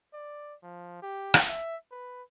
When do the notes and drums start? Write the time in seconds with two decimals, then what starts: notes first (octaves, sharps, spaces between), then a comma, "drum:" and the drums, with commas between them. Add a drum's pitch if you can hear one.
0.14 D5
0.63 F3
1.02 G4
1.34 drum: rim click
1.49 E5
1.91 B4